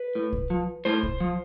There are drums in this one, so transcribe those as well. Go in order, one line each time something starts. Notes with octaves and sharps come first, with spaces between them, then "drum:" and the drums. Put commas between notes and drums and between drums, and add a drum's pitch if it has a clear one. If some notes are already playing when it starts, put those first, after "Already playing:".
Already playing: B4
A2
drum: kick
F3
A2 C5
drum: kick
F3